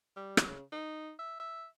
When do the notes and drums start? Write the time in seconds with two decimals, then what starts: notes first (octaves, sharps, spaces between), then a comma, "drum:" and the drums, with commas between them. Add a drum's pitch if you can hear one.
0.16 G3
0.37 drum: rim click
0.48 C#3
0.72 D#4
1.19 E5
1.40 E5